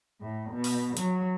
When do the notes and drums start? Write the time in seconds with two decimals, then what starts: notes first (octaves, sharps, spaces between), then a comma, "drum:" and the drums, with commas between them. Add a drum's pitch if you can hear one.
0.21 A2
0.50 B2
0.64 drum: open hi-hat
0.97 F#3, drum: hi-hat